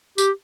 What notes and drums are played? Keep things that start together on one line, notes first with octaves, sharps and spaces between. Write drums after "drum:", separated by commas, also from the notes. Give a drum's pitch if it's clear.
G4, drum: tambourine